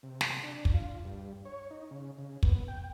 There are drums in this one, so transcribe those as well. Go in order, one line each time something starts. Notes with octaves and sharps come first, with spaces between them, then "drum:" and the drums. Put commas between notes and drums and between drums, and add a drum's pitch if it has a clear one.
C3
drum: snare
D4
drum: kick
F4
G2
C#5
D#4
C#3
C#3
B3, drum: kick
G5